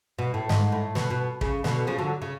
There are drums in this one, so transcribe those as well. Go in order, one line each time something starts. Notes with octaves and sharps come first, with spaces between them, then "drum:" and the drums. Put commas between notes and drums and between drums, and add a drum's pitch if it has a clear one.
B2
A2
G#2, drum: snare
A2
B2, drum: snare
B2
C#3, drum: kick
B2 D3, drum: snare
C#3 F3
D3 F#3
C#3